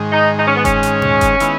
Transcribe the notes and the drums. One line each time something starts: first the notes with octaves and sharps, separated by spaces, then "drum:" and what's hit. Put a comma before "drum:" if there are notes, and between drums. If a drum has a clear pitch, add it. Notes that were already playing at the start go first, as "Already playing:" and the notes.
Already playing: G#2 D#3 G#3
D#4
D#4
C#4
B3
C#4, drum: kick F#1, hi-hat
drum: hi-hat
drum: tom A#2
drum: kick F#1, hi-hat
D#3 G#3 B3 E4, drum: hi-hat